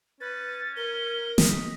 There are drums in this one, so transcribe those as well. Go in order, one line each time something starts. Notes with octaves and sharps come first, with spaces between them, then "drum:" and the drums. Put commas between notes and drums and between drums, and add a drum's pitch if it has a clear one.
C#4 B4 A6
A#4 G7
D#5 B6, drum: snare